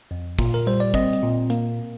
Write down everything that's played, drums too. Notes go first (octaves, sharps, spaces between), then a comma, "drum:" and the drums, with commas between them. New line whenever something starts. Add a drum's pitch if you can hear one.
F2
A#2, drum: kick, open hi-hat
A#4
G3 C5
D5
C4 D#5, drum: kick
drum: hi-hat
A#2
A#3, drum: hi-hat